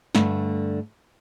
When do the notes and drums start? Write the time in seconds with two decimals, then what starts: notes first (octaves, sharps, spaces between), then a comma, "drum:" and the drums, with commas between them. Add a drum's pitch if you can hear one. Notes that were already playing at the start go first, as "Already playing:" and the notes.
0.15 G2 D3 A3, drum: snare